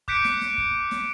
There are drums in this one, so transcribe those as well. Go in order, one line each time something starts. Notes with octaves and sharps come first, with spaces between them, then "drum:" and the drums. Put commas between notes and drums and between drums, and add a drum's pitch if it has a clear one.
D6 F#6 G6 B6 C#7 D7, drum: kick
drum: snare
drum: snare
drum: kick
drum: snare